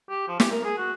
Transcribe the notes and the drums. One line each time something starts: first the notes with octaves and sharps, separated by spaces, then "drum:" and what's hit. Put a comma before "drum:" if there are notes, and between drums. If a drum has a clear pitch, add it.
G4
F3
G4, drum: snare
A#4
G#4
F#4